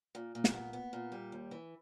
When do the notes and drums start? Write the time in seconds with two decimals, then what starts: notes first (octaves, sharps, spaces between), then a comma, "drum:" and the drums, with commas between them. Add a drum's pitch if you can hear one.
0.15 A#2
0.35 A#2
0.44 drum: snare
0.53 B3
0.73 B3
0.93 A#2
1.12 G3
1.32 D#2
1.51 E3